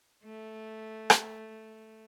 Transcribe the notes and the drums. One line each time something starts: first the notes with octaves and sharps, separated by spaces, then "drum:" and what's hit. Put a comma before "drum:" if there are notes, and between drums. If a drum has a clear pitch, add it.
A3
drum: rim click